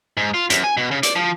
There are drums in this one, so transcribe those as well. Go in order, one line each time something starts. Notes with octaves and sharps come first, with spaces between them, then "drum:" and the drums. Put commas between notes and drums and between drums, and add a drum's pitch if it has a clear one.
G#2
F4
F#2, drum: hi-hat
G#5
B2
C#3
D5, drum: hi-hat
F3